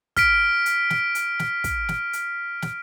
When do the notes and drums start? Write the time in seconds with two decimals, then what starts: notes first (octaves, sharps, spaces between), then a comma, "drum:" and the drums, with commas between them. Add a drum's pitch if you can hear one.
0.17 F6 B6 D7, drum: kick, hi-hat
0.66 drum: hi-hat
0.90 drum: snare
1.15 drum: hi-hat
1.39 drum: snare
1.64 drum: kick, hi-hat
1.89 drum: snare
2.13 drum: hi-hat
2.62 drum: snare